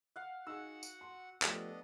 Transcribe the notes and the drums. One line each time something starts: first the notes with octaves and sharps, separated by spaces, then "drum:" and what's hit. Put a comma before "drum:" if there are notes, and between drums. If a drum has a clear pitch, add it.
F5 F#5
D#4 F#4 G#4 F#5 E6
drum: tambourine
C6
F3 A3 B3 D4 G4 D#5, drum: clap